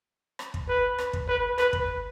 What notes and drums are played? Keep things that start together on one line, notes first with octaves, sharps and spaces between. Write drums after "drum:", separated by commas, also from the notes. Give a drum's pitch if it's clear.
drum: rim click
drum: kick
B4
drum: rim click
drum: kick
B4
B4, drum: rim click
drum: kick